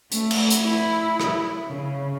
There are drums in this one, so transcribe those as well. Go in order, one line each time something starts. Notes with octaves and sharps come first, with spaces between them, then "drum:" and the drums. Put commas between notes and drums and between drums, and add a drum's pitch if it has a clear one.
A3, drum: hi-hat
drum: cymbal
drum: hi-hat
E4
drum: rim click
C#3